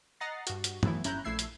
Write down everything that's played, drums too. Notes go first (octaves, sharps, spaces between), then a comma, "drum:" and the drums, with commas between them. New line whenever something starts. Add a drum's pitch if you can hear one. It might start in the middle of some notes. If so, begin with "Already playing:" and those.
D#5 F#5 A#5 A6 A#6 C7
G2 F#4, drum: hi-hat
drum: hi-hat
E3 F#3 A3 B3 E4, drum: tom
G1 C#4 E4 A#5 F#6 G6, drum: hi-hat
A#1 A3 E4 E6 G#6 C7
drum: hi-hat